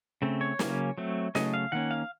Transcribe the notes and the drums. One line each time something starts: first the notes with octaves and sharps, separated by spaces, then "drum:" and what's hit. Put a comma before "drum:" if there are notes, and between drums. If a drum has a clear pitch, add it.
C#3 A3 C4
C#5
C#3 F#3 A#3 C#4, drum: snare
F#3 A3 C4
C#3 F#3 A3 D#5, drum: snare
F5
D#3 A#3 C#4 F#5
F5